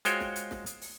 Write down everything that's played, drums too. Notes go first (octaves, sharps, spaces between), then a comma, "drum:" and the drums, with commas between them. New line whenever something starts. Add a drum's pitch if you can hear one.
G#3 F4 F#4 C5 C#5 G5, drum: hi-hat
drum: snare
drum: hi-hat
drum: snare
drum: hi-hat
drum: open hi-hat